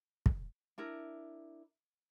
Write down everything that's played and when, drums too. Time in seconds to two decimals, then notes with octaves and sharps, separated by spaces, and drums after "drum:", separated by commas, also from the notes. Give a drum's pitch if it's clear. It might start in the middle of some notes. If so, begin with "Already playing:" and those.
0.26 drum: kick
0.78 D4 E4 A#4